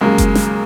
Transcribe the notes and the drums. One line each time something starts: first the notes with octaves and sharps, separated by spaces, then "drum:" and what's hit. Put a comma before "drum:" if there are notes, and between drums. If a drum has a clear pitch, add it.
D#2 C#3 F#3 G#3 A#3
drum: kick F#1, hi-hat
drum: snare